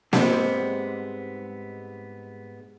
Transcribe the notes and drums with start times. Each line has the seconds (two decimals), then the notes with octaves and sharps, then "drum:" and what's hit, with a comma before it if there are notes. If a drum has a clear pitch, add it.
0.13 G#2 G3 G#3 B3 C4, drum: snare A#3